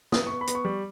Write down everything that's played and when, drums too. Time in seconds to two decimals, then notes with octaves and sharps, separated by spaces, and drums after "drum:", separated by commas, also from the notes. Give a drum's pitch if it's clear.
0.12 B3 D#6, drum: snare
0.27 B3 C#6
0.41 B5
0.47 B3, drum: hi-hat
0.55 C#6
0.65 G3